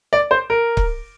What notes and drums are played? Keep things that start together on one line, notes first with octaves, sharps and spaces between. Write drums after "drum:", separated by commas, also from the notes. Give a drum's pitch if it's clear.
D5
C5
A#4
drum: kick C#1